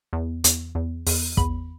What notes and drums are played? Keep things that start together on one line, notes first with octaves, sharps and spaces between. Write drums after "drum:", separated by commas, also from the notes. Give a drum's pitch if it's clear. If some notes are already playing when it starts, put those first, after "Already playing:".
E2
E2, drum: hi-hat
E2
E2, drum: open hi-hat
E2 B5, drum: kick